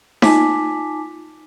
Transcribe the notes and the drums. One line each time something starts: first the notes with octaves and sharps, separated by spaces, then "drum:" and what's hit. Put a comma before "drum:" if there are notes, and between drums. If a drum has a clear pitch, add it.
D#4 F4 G#5 A5 D6 B6, drum: snare D#4